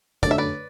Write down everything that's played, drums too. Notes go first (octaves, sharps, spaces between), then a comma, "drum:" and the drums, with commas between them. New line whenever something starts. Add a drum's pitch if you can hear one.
F#2 D3 A3 D4 A4 D5, drum: kick, hi-hat
E5
B4 D5